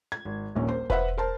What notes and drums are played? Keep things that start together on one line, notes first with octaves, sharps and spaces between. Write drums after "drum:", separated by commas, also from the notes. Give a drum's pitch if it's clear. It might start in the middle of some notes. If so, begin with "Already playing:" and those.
G#6
G#1
D#1 A#1 D#2 C#4
A#3 C5
B4 C5 E5 F#5, drum: kick E1
A#4 C5 A5